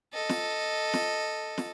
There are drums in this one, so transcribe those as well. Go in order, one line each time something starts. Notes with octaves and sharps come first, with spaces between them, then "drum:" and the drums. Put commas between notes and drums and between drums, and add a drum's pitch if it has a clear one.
A4 D#5
drum: snare
drum: snare
drum: snare